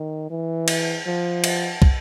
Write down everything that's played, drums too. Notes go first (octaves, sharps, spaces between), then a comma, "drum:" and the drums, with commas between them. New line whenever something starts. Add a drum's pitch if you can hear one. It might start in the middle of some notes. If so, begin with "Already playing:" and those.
Already playing: D#3
E3
drum: cymbal
F3
drum: cymbal
drum: kick